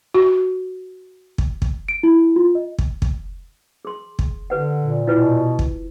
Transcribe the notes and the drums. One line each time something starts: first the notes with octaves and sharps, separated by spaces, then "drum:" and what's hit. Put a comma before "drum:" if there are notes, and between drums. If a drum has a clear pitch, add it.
F#4
drum: kick
drum: kick
D7
E4
F4
D#5
drum: kick
drum: kick
G#4 C6
drum: kick
D3 G4 B4 F#5
A#2
B2 E4 F4 B4
drum: kick